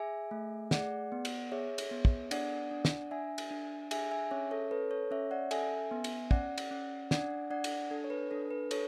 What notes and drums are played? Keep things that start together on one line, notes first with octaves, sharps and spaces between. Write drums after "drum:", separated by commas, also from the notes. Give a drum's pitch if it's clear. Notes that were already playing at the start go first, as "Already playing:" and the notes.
Already playing: G#4 E5 G#5
A3
G#4 D5 F#5, drum: snare
B3
drum: cymbal
G#4 C#5 E5
drum: cymbal
B3
drum: kick
D4 D5 F#5, drum: cymbal
D4
drum: snare
D4 E5 G#5
drum: cymbal
D4
G#4 E5 G#5, drum: cymbal
E5 G#5
C#4 C#5 E5
A4 C#5
A4 B4
A4 C#5
C#4 C#5 E5
D5 F#5
A4 E5 G#5, drum: cymbal
B3
drum: cymbal
C#4 D5 F#5, drum: kick
drum: cymbal
C#4
D4 D5 F#5, drum: snare
D4 D5 F#5
drum: cymbal
D4 A4
C#5
B4
D4 A4
B4
A4 C#5, drum: cymbal